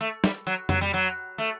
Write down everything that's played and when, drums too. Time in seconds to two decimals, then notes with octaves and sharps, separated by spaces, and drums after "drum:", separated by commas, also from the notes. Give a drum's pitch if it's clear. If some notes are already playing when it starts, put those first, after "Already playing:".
0.01 A3
0.24 G3, drum: snare
0.47 F#3
0.69 F#3, drum: tom F2
0.81 G3
0.94 F#3
1.38 A3